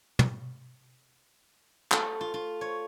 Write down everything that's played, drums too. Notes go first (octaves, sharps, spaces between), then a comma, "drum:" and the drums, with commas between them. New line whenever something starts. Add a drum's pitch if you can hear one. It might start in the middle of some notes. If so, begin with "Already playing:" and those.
drum: tom
A3, drum: clap
F4
F4
C#5